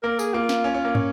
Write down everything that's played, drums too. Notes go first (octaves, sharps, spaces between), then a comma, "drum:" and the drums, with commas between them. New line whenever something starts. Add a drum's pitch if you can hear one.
A#3 A#4
G#4, drum: tambourine
A#3 F4
drum: snare
C#4
C#4
A#3
C#4, drum: tom